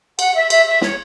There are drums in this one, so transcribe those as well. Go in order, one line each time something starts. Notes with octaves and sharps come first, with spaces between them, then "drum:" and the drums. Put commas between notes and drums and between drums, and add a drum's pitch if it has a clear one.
F#5, drum: cymbal
E5
E5, drum: cymbal
E5
C#5, drum: snare